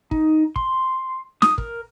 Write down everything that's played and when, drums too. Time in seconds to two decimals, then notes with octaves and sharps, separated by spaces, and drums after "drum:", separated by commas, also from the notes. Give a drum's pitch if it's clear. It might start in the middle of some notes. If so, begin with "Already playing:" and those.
0.11 D#4, drum: kick
0.56 C6, drum: kick
1.42 D#6, drum: snare
1.58 A#4, drum: kick